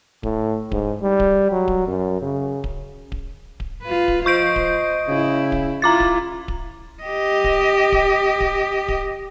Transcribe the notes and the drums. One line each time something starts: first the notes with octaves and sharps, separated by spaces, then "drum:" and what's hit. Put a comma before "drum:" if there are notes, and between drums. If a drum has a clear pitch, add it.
A2, drum: kick D1
G#2, drum: kick D1
G3
drum: kick D1
F#3
drum: kick D1
F#2
C#3
drum: kick D1
drum: kick D1
drum: kick D1
F4 B4
drum: kick D1
F3 C5 D#5 C#6 G6 D7
drum: kick D1
C#3 E4
drum: kick D1
E4 F4 A#5 D6 A6
drum: kick D1
drum: kick D1
G4 D#5
drum: kick D1
drum: kick D1
drum: kick D1
drum: kick D1